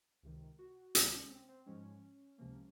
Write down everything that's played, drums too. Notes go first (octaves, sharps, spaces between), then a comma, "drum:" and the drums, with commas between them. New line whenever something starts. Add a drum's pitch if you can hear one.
C#2 C3 D#3
F#4
C#2 C3 D#3 G#3 D#4, drum: hi-hat
C#4
C4
C4
G#2 F3 G#3 C#4
C#2 C3 F3 A#3